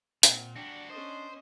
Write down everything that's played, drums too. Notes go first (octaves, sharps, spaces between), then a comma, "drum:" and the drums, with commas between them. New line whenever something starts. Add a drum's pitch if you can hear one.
A#2 C4 F#5 G5, drum: hi-hat
G3 D4 F#4 G5
C#4 C5 D#5